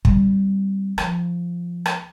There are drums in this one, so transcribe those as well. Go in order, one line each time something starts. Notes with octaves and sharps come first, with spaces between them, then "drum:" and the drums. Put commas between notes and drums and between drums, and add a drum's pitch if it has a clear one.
G3 C4, drum: kick
F3, drum: rim click
drum: rim click